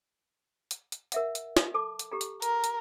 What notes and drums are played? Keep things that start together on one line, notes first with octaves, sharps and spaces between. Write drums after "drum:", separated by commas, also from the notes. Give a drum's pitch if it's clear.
drum: hi-hat
drum: hi-hat
A#4 E5 F#5, drum: hi-hat
drum: hi-hat
drum: snare
A4 A5 D6
drum: hi-hat
G4 A4 A#5
drum: hi-hat
A#4, drum: hi-hat
drum: hi-hat